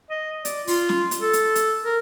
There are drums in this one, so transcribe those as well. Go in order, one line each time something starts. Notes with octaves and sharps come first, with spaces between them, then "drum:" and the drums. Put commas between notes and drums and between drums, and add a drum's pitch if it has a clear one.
D#5
D5, drum: hi-hat
F4, drum: open hi-hat
drum: snare
drum: hi-hat
A4
drum: hi-hat
drum: hi-hat
A#4